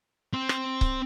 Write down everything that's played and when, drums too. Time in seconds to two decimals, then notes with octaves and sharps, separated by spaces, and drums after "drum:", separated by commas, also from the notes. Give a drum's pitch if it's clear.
0.33 C4
0.49 drum: rim click
0.81 drum: kick C#1